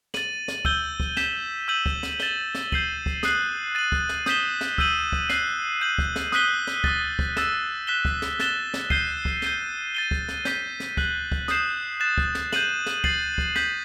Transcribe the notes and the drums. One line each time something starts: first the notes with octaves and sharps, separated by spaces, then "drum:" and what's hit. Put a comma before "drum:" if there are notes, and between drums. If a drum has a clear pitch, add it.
A6 D#7 F#7, drum: snare
drum: snare
E6 G6 D#7 G7, drum: kick
drum: kick
G6 B6 E7, drum: snare
E6 G6 D#7 F#7
drum: kick
drum: snare
A6 E7 G7, drum: snare
drum: snare
G6 C7 D#7 F#7, drum: kick
drum: kick
D#6 F#6 C7 D#7 F#7, drum: snare
A6 D#7 F#7
drum: kick
drum: snare
D#6 G6 B6 E7 G7, drum: snare
drum: snare
E6 G6 D#7 F#7, drum: kick
drum: kick
F#6 C7 D#7 F#7, drum: snare
G6 D#7 F#7
drum: kick
drum: snare
D#6 F#6 B6 D#7 G7, drum: snare
drum: snare
D#6 F#6 A6, drum: kick
drum: kick
E6 A6 E7, drum: snare
F#6 B6 E7 G7
drum: kick
drum: snare
F#6 A6 E7 G7, drum: snare
drum: snare
G6 C7 D#7 G7, drum: kick
drum: kick
G6 D#7 G7, drum: snare
A6 D#7 G7
drum: kick
drum: snare
G6 B6 D#7, drum: snare
drum: snare
F#6 B6 F#7, drum: kick
drum: kick
D#6 G6 C7 E7, drum: snare
F#6 A6 E7
drum: kick
drum: snare
G6 D#7 F#7, drum: snare
drum: snare
A6 C7 D#7 F#7, drum: kick
drum: kick
G6 B6 F#7, drum: snare